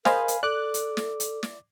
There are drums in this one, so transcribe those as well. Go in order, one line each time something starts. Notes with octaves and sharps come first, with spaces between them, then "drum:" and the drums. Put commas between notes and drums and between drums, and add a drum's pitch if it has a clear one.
G#4 A#4 C5 D#5 F5 G#5 B5, drum: snare
drum: hi-hat
A4 D5 D6 F#6
drum: hi-hat
drum: snare
drum: hi-hat
drum: snare